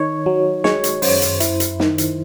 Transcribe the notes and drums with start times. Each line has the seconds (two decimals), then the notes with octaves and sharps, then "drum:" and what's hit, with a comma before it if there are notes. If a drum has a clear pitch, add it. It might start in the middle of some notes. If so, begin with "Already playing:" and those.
Already playing: D#3 D#4 C#5
0.26 F#3
0.64 G#3 C#5, drum: snare
0.84 drum: hi-hat
1.02 F#2 C5, drum: open hi-hat
1.22 drum: hi-hat
1.40 E4, drum: hi-hat
1.60 drum: hi-hat
1.80 D#3, drum: snare
1.98 drum: hi-hat